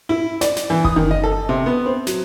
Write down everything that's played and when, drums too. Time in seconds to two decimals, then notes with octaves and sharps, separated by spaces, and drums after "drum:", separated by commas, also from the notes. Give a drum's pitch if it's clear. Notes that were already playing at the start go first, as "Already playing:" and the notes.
0.09 E4
0.41 D5, drum: snare
0.56 drum: snare
0.70 E3
0.85 D#6, drum: kick F#1
0.96 D#3
1.11 D#5
1.24 A4
1.49 C3
1.66 B3
1.86 C4
2.07 F#3, drum: snare